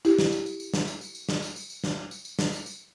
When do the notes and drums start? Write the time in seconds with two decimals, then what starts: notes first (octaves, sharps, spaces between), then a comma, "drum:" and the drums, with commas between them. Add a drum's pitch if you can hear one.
0.05 E4 G4, drum: tambourine
0.19 drum: snare
0.32 drum: tambourine
0.46 drum: tambourine
0.60 drum: tambourine
0.74 drum: snare
0.87 drum: tambourine
1.01 drum: tambourine
1.15 drum: tambourine
1.29 drum: snare
1.42 drum: tambourine
1.56 drum: tambourine
1.70 drum: tambourine
1.84 drum: snare
2.11 drum: tambourine
2.25 drum: tambourine
2.39 drum: snare
2.52 drum: tambourine
2.66 drum: tambourine